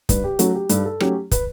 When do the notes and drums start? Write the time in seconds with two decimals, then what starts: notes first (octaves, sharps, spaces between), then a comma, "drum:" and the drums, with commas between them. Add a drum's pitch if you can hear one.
0.09 G2 B4, drum: kick, hi-hat
0.24 G4
0.39 F#3 A3 C#4 F#4, drum: hi-hat
0.55 G4
0.69 G2 A4, drum: hi-hat
0.85 A4
1.00 F#3 A3 C#4 G4, drum: rim click
1.31 B4, drum: kick, hi-hat